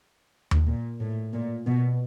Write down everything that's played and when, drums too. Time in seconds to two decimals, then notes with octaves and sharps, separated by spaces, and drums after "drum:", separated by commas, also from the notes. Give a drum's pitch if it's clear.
0.51 drum: tom D#2
0.67 A#2
1.01 A2
1.33 A#2
1.66 B2